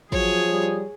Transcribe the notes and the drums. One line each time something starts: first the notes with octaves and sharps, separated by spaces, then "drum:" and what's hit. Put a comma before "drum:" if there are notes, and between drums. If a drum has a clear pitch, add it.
F3 F#3 G#4 C#5, drum: kick
G3